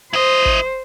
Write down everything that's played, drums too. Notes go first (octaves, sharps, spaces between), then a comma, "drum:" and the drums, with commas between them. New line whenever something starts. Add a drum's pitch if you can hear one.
E4 C5 D#5
drum: kick